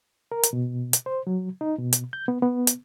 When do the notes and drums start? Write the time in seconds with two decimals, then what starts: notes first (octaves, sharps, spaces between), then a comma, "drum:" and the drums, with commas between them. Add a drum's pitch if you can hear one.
0.32 A#4
0.43 drum: hi-hat
0.53 B2
0.93 drum: hi-hat
1.06 C5
1.27 F#3
1.61 D#4
1.78 B2
1.93 drum: hi-hat
2.13 G6
2.28 B3
2.42 B3
2.67 drum: hi-hat